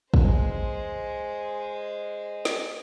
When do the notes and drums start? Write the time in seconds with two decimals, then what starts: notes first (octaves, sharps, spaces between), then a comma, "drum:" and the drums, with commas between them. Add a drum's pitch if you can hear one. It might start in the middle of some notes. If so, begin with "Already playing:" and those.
0.14 G#3 C5, drum: kick
2.45 drum: snare